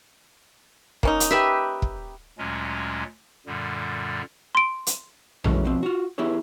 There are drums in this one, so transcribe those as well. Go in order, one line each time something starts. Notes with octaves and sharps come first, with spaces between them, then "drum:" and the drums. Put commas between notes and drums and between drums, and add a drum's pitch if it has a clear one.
A#3 C#4 D#4, drum: kick
drum: hi-hat
G4 B4 E5
drum: kick
D2 A#2 F#3 G#3 C#4
F#2 A#2 D3 G3
C6 D7
drum: hi-hat
E3 F#3 G#3 A3 C#4, drum: tom A#1
B2 F3 C4
F4 F#4
B3 E4 G4 G#4 C#5